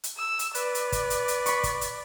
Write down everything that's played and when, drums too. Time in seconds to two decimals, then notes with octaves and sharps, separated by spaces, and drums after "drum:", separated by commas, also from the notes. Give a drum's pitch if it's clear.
0.04 drum: hi-hat
0.17 E6
0.39 drum: hi-hat
0.55 B4 D5, drum: hi-hat
0.75 drum: hi-hat
0.92 drum: kick, hi-hat
1.10 drum: hi-hat
1.28 drum: hi-hat
1.46 B5 C#6, drum: hi-hat
1.64 drum: kick, hi-hat
1.81 drum: hi-hat